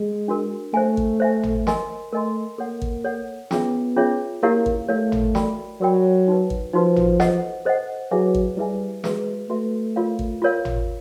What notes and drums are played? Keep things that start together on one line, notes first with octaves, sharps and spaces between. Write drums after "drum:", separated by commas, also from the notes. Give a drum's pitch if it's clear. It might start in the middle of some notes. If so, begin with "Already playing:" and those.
Already playing: G#3
D4 F#4 A#4
A3 C5 E5 G#5
drum: kick
C5 E5 G#5
drum: tom G#1
A#4 D#5 G#5 C6, drum: snare
A3 A#4 D#5 G#5 C6
A#3 A4 C#5 F#5
drum: kick
A4 C#5 F#5
B3 C#4 F4 G#4 C#5 E5, drum: snare
C#4 F4 G#4 C#5 E5
A#3 E4 G4 A#4 C#5 F5
drum: kick
A3 E4 G4 A#4 C#5 F5
drum: tom G#1
F#4 A#4 D5 G5 B5, drum: snare
F#3 F#4 A#4 D5 G5 B5
D#4 F#4 B4
drum: kick
F3 D#4 F#4 B4
drum: tom G#1
A4 C5 D#5 F#5, drum: snare
A4 C5 D#5 F#5
F#3 E4 G#4 B4 E5 G#5
drum: kick
G3 E4 G#4 B4 E5 G#5
G#3 F#4 B4 E5, drum: snare
A3 F#4 B4 E5
F4 A#4 C#5 F5
drum: kick
F4 A#4 C#5 F5
drum: tom G#1